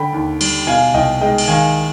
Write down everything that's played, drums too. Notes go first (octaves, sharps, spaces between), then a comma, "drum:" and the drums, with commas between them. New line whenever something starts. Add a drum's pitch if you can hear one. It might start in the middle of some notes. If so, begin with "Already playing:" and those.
Already playing: D3 G5 B5
D#2
G3, drum: cymbal
B2 F5 G#5
C2 D#5 G5
G#3 D#5 G5
drum: cymbal
D#3 F5 G#5